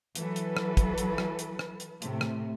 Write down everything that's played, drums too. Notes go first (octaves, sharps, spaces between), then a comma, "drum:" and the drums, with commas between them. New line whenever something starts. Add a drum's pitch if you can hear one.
E3 F#3 A4 B4, drum: hi-hat
drum: hi-hat
drum: rim click
drum: kick, hi-hat
drum: hi-hat
drum: rim click
drum: hi-hat
drum: rim click
drum: hi-hat
A2 C3 A3, drum: hi-hat
drum: rim click